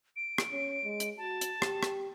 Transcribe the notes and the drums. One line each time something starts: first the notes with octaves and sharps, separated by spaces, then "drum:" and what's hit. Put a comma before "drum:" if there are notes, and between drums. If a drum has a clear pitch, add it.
D7
drum: rim click
C#4
G#3
drum: hi-hat
F#4 A5
drum: hi-hat
G4, drum: rim click
drum: rim click